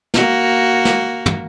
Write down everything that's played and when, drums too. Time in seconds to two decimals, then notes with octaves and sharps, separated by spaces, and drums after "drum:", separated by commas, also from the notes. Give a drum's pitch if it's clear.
0.14 A#3 F#4, drum: snare
0.85 drum: snare
1.26 drum: tom